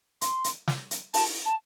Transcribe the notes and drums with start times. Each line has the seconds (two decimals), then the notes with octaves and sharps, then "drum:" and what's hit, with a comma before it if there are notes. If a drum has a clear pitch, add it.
0.21 C6, drum: hi-hat
0.44 drum: hi-hat
0.68 drum: snare
0.91 drum: hi-hat
1.14 A5, drum: open hi-hat
1.45 A5